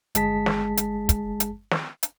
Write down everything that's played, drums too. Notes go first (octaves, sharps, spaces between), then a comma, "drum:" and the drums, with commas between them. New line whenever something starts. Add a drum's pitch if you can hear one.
G1 G#3 G#4 A5 B6, drum: hi-hat
drum: snare
drum: hi-hat
drum: kick, hi-hat
drum: hi-hat
drum: snare
drum: hi-hat